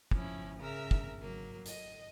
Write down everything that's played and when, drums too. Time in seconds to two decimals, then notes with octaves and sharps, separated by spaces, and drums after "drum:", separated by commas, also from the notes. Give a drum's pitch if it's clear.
0.11 F3 C#4 E4, drum: kick
0.59 C#3 A#4 E5 A#5
0.91 drum: kick
1.20 F#3 A#3
1.66 D#5, drum: hi-hat